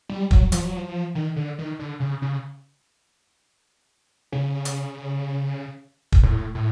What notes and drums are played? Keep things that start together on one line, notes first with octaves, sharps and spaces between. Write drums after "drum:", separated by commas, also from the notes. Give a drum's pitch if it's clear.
G3
F#3, drum: kick
F3, drum: hi-hat
F#3
F3
D#3
D3
D#3
D3
C#3
C#3
C#3
drum: hi-hat
drum: kick
A2
A2